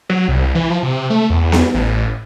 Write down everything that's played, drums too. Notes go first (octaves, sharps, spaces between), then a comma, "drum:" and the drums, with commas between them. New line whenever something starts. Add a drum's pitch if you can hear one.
F#3
C2
E3
F3
C3
A3
E2
drum: snare B3
A1